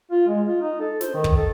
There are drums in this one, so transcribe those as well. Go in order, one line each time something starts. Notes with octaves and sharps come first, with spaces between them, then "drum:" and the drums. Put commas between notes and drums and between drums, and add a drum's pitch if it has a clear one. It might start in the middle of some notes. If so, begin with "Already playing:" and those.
F4
G#3
F4
D#4
A4
C5, drum: snare
D#3
drum: kick
A4